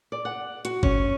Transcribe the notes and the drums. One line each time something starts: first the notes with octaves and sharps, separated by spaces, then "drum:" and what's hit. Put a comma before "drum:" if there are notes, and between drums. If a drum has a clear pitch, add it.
D5
F#5
F#4, drum: hi-hat
C#4, drum: kick